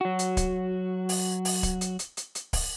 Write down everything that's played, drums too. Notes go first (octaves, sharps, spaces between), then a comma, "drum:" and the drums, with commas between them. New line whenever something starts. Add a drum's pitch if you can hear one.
F#3 F#4
drum: hi-hat
drum: kick D1, hi-hat
drum: open hi-hat
drum: open hi-hat
drum: kick D1, hi-hat
drum: hi-hat
drum: hi-hat
drum: hi-hat
drum: hi-hat
drum: kick D1, open hi-hat